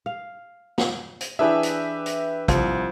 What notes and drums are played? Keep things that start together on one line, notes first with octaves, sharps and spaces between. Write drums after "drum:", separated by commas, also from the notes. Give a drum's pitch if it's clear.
F5
drum: snare
drum: hi-hat
E3 D4 G4 G#4 B4 E5
drum: hi-hat
drum: hi-hat
C2 F3, drum: kick, hi-hat